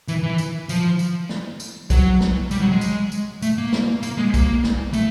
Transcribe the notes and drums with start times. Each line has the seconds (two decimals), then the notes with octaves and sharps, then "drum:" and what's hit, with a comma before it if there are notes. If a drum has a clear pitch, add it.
0.08 E3, drum: tambourine
0.23 E3
0.38 drum: tambourine
0.69 F3, drum: tambourine
0.99 drum: tambourine
1.29 drum: snare
1.60 drum: tambourine
1.90 F#3, drum: kick B1, tambourine
2.21 drum: snare
2.51 G3, drum: tambourine
2.61 F#3
2.72 G#3
2.81 drum: tambourine
3.12 drum: tambourine
3.42 A3, drum: tambourine
3.58 A#3
3.72 drum: snare
4.03 A#3, drum: tambourine
4.18 G#3
4.34 A#3, drum: kick B1, tambourine
4.64 drum: snare
4.93 A3, drum: tambourine